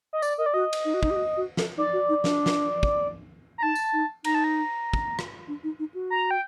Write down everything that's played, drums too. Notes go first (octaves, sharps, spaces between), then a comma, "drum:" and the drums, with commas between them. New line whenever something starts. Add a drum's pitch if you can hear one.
D#5
D5, drum: tambourine
A#4 D#5
D5
F#4 D#5
drum: cymbal
D#4
F#4
D#4, drum: kick
G4
F#4
F#4
A4, drum: snare
D#4 D5
F#4
D#4
D4, drum: snare
drum: snare
drum: kick
A#5
D#4 A5
drum: tambourine
D#4
D#4 A#5, drum: cymbal
A5
A#5
drum: kick
drum: rim click
D4
D#4
D#4
F#4
A#5
G5